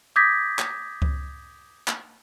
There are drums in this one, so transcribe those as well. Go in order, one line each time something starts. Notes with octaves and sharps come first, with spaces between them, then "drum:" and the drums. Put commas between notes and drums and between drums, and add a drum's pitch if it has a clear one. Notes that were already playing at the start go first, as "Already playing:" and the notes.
D6 D#6 G6 G#6 A#6 B6
drum: clap
drum: kick C#2
drum: clap